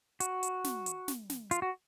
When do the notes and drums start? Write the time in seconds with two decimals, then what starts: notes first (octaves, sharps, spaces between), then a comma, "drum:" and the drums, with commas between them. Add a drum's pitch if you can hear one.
0.20 F#4, drum: hi-hat
0.43 drum: hi-hat
0.64 drum: snare
0.86 drum: hi-hat
1.08 drum: snare
1.30 drum: snare
1.51 F4, drum: hi-hat
1.62 F#4